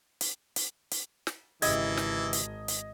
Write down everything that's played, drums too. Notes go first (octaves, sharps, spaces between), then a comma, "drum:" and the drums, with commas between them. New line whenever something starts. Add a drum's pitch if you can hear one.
drum: hi-hat
drum: hi-hat
drum: hi-hat
drum: snare
G#1 C#3 E3 E4 G4 D#5 G#6, drum: hi-hat
drum: snare
drum: hi-hat
drum: hi-hat